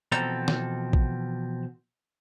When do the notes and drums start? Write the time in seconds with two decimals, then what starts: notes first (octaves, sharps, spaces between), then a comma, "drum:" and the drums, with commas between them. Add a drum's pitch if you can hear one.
0.12 B2 E3 F3 C4 A4 A#5, drum: tambourine
0.48 drum: snare
0.93 drum: kick A1